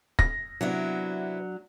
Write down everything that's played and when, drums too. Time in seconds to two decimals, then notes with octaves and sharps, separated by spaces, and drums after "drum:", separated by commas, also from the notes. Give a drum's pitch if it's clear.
0.19 A#6, drum: kick
0.61 C3 F#3 B3 D4 E4